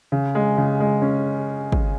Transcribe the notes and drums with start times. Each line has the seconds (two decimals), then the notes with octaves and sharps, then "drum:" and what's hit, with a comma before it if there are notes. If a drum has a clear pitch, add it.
0.12 C#3
0.35 G#3
0.58 C#3
0.80 G#3
1.02 C#4
1.72 drum: kick